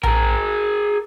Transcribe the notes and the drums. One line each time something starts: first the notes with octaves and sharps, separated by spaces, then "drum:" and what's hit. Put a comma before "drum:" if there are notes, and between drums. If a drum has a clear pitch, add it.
G#4 A#4, drum: tom A#1